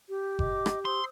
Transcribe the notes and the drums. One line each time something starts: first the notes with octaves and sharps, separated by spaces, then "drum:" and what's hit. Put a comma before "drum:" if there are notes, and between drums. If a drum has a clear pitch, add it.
G4
D#5 D6, drum: kick F#1
drum: rim click
C5 C6 D#6 E6